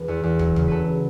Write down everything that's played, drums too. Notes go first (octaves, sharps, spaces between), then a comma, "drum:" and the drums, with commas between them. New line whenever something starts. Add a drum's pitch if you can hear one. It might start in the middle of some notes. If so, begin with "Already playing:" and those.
Already playing: E1 B4
E2
E2
F#3, drum: kick
C#3, drum: kick
F#3 A4 B4